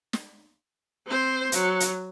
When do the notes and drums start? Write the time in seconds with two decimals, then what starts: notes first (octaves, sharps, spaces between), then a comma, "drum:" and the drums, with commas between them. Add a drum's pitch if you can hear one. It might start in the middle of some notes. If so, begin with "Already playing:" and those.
0.13 drum: snare
1.06 C4 C5
1.52 F#3, drum: hi-hat
1.80 drum: hi-hat